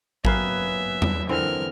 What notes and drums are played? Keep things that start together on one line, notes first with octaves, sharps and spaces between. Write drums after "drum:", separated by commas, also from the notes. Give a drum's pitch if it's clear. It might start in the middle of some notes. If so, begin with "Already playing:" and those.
F#3 A#3 B3 B4 E5 F5 G#5, drum: kick A1
drum: tom E2
D3 E3 C4 A#4 F6